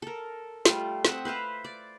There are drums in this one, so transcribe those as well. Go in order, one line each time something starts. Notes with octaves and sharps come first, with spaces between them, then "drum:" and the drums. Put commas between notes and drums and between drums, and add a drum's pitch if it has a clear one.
A4 A#4
G3 A3 F4, drum: snare
C4 D#5 E5 F#5, drum: snare
B4 C5 E5 F5
D5